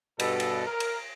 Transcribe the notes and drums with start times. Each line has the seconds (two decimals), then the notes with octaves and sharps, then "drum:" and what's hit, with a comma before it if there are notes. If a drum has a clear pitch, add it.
0.19 G2 B2 A4, drum: cymbal
0.40 drum: cymbal
0.67 A#4
0.80 drum: cymbal